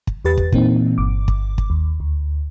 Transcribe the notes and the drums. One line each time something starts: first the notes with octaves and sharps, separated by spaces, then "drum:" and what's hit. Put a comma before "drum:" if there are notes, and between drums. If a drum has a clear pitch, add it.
drum: kick
E2 G4 B4 A6
drum: kick
A#2 E3 A#3 C4 D#4, drum: kick
G1 D6
drum: kick
drum: kick
D#2
D2